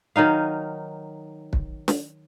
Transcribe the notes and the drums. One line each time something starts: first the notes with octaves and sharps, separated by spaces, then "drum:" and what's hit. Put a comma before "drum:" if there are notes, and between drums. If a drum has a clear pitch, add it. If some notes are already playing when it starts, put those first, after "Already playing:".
D#3 F#3 D#4 F5
drum: kick
drum: snare